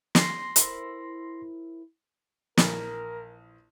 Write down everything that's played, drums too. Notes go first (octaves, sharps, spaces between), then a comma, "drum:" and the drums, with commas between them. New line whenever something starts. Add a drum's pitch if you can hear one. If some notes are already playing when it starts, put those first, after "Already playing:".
C6 A#6 C7, drum: snare
E4 A#4 C5, drum: hi-hat
A#1 E3 A#4 B5, drum: snare